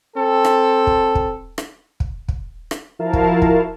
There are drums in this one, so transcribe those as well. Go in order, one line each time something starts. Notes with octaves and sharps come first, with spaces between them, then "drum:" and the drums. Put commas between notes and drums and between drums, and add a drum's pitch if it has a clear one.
C4 A4
drum: rim click
drum: kick
drum: kick
drum: rim click
drum: kick
drum: kick
drum: rim click
F3 E4 F#4 A#4 F5 A5
drum: kick
drum: kick